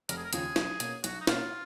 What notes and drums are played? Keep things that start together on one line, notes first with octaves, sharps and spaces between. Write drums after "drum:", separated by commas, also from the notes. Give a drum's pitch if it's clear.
F1 A#4, drum: hi-hat
G#4
A#4
D#2 C#3 F3 G#4, drum: hi-hat
B1, drum: snare
B2 A#3 C#4, drum: hi-hat
B1 F#4, drum: hi-hat
D#4
B2 A#3 C#4 F4, drum: snare